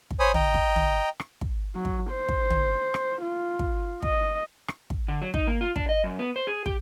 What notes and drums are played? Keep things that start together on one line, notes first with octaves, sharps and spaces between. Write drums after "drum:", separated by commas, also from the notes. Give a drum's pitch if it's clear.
drum: kick
C5 C#5 G#5 B5 D#6
D#5 G5 A#5, drum: tom
drum: kick
drum: tom
drum: rim click
drum: kick
F#3
drum: kick
C5
drum: kick
drum: tom
drum: rim click
F4
drum: kick
D#5, drum: kick
drum: rim click
drum: kick
D3
F#3
D#4, drum: kick
A#3
F4
D4, drum: kick
D#5
F#2
B3
C5
G#4
G4, drum: kick